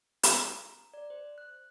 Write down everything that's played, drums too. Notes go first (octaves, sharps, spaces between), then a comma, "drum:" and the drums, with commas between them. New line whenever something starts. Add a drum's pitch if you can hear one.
A#5, drum: hi-hat
D5
C5
F#6